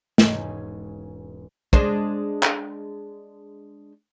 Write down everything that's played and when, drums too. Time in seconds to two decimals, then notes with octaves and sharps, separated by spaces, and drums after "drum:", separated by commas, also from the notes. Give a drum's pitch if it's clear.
0.18 E1 G#2 C#4 G#4 G#5, drum: snare
1.73 G#3 D4 C5, drum: kick
2.43 drum: clap